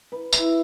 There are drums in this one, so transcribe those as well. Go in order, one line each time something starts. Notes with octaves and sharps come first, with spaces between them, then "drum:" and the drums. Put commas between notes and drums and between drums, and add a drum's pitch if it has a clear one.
B4
E4, drum: tambourine